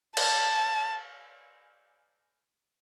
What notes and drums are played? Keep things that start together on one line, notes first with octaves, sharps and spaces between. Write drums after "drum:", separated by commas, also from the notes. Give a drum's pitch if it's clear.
A5, drum: cymbal